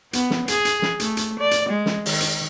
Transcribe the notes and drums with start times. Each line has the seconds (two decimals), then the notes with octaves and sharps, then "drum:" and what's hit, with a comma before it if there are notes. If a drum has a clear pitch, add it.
0.13 B3, drum: hi-hat
0.30 drum: snare
0.48 G#4, drum: hi-hat
0.65 drum: hi-hat
0.82 drum: snare
1.00 A3, drum: hi-hat
1.17 drum: hi-hat
1.39 D5
1.51 drum: hi-hat
1.69 G#3
1.86 drum: snare
2.06 D#3, drum: open hi-hat
2.20 drum: hi-hat